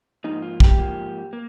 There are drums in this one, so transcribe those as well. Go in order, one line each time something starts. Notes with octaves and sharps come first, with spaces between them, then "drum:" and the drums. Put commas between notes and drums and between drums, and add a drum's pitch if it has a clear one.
G#2 F3 A#3 D#4
F4
G4, drum: kick
G#2 F3 A#3
A#3